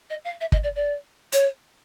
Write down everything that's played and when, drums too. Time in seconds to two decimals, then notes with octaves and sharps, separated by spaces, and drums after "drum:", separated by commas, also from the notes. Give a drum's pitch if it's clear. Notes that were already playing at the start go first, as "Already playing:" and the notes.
0.10 D#5
0.24 F5
0.40 E5
0.52 D#5, drum: kick
0.63 D5
0.75 D5
1.32 C#5, drum: hi-hat